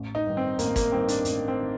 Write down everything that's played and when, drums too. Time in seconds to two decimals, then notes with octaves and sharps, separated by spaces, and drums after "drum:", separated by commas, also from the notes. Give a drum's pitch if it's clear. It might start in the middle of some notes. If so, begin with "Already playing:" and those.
Already playing: A1
0.15 D#4
0.26 G2 D#3
0.37 C4
0.59 A1 A#3, drum: hi-hat
0.76 A#3, drum: kick, hi-hat
0.92 G2 D#3 C4
1.08 D4, drum: hi-hat
1.25 A1, drum: hi-hat
1.48 C4
1.60 D#3